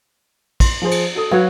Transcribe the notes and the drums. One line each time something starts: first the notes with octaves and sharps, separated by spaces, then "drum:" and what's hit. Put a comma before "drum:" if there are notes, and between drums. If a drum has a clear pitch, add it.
C6, drum: kick, cymbal
F3 G#4 C5
drum: cymbal
F#4 A4 D#6
F#3 F#4 B4 F5 G#6